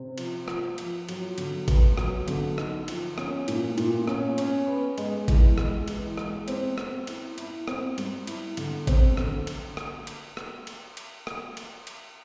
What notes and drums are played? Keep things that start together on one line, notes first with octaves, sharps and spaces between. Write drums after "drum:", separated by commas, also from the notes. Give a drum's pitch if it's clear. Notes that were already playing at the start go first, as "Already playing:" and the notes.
Already playing: C3
F3, drum: cymbal
F3, drum: rim click
F3, drum: cymbal
F#3, drum: cymbal
D3, drum: cymbal
B3, drum: kick G#1, cymbal
F#3, drum: rim click
D3, drum: cymbal
D#4, drum: rim click
F3, drum: cymbal
C#4, drum: rim click
A#2, drum: cymbal
A#2, drum: cymbal
C#4, drum: rim click
C#4, drum: cymbal
B3
G#3, drum: cymbal
E3, drum: kick G#1, cymbal
G#3, drum: rim click
E3, drum: cymbal
G#3, drum: rim click
C4, drum: cymbal
C4, drum: rim click
E4, drum: cymbal
E4, drum: cymbal
C4, drum: rim click
G3, drum: cymbal
E4, drum: cymbal
D3, drum: cymbal
C4, drum: kick G#1, cymbal
D3, drum: rim click
drum: cymbal
drum: rim click
drum: cymbal
drum: rim click
drum: cymbal
drum: cymbal
drum: rim click
drum: cymbal
drum: cymbal